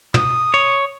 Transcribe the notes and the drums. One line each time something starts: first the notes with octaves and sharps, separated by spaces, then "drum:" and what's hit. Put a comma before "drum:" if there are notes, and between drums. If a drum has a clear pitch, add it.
D#6, drum: tom
C#5